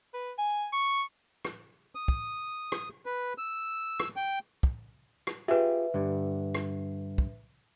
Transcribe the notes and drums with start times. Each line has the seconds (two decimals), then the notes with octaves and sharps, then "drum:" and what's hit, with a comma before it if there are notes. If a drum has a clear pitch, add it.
0.14 B4
0.38 G#5
0.73 C#6
1.45 drum: rim click
1.95 D#6
2.08 drum: kick
2.72 drum: rim click
3.06 B4
3.38 E6
4.00 drum: rim click
4.16 G5
4.63 drum: kick
5.27 drum: rim click
5.48 F4 G4 G#4 B4 E5
5.94 G2 D3
6.55 drum: rim click
7.18 drum: kick